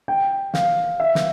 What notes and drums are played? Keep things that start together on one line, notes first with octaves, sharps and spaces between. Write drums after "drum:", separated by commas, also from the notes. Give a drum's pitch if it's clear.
G5
F5, drum: snare
E5
drum: snare